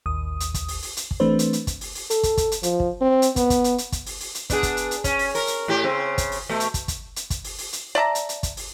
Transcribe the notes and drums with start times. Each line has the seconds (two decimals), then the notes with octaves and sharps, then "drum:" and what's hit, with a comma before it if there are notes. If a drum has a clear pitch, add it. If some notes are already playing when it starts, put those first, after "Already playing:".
0.06 A1 D#2 D#6
0.40 drum: hi-hat
0.54 drum: kick, hi-hat
0.69 drum: open hi-hat
0.83 drum: open hi-hat
0.97 drum: hi-hat
1.11 drum: kick
1.20 E3 A3 C4 D4 B4 C5
1.39 drum: hi-hat
1.53 drum: hi-hat
1.67 drum: kick, hi-hat
1.81 drum: open hi-hat
1.95 drum: open hi-hat
2.10 A4, drum: hi-hat
2.23 drum: kick, hi-hat
2.37 drum: kick, hi-hat
2.52 drum: hi-hat
2.63 F3, drum: hi-hat
2.80 drum: kick
3.01 C4
3.22 drum: hi-hat
3.36 B3, drum: kick, hi-hat
3.50 drum: kick, hi-hat
3.64 drum: hi-hat
3.78 drum: hi-hat
3.92 drum: kick, hi-hat
4.06 drum: open hi-hat
4.21 drum: open hi-hat
4.35 drum: hi-hat
4.50 B3 D4 G#4, drum: kick, hi-hat
4.63 drum: kick, hi-hat
4.77 drum: hi-hat
4.91 drum: hi-hat
5.04 C#4, drum: kick, hi-hat
5.19 drum: open hi-hat
5.35 A#4, drum: open hi-hat
5.47 drum: hi-hat
5.68 A2 G4
5.84 C#3 C4
6.18 drum: kick, hi-hat
6.32 drum: open hi-hat
6.49 B2 A3
6.60 drum: hi-hat
6.74 drum: kick, hi-hat
6.88 drum: kick, hi-hat
7.16 drum: hi-hat
7.30 drum: kick, hi-hat
7.44 drum: open hi-hat
7.59 drum: open hi-hat
7.73 drum: hi-hat
7.95 D5 E5 A5 A#5
8.15 drum: hi-hat
8.29 drum: hi-hat
8.43 drum: kick, hi-hat
8.57 drum: open hi-hat